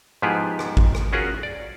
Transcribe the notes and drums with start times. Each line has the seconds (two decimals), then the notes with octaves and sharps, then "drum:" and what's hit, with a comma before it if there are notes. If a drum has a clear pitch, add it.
0.22 G#2 F3 B3 E4 G4 G#4
0.59 drum: rim click
0.77 drum: kick
0.95 drum: rim click
1.13 C#4 F4 F#4 G#4 A#4 F#5
1.43 D5